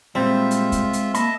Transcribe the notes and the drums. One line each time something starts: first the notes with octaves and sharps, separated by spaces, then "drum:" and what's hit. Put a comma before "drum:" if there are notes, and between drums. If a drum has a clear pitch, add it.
A#2 G3 G#3 C4 F4 E5
drum: hi-hat
drum: kick, hi-hat
drum: hi-hat
A#3 D#5 E5 A5 B5, drum: hi-hat